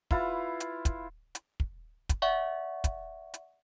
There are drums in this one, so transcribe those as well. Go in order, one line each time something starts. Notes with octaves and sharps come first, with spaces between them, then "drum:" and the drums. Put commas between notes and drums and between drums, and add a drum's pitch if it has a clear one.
E4 F4 B4, drum: kick
drum: hi-hat
drum: kick, hi-hat
drum: hi-hat
drum: kick
drum: kick, hi-hat
D5 E5 F#5 C#6
drum: kick, hi-hat
drum: hi-hat